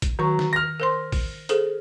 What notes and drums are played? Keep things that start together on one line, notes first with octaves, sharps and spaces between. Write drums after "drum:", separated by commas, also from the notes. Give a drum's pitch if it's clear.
drum: kick A1, hi-hat
D#3 F#3 C#6
drum: snare
F6 A#6
A#4 C5 C6
drum: kick A1, open hi-hat
G#4 A4 C5, drum: hi-hat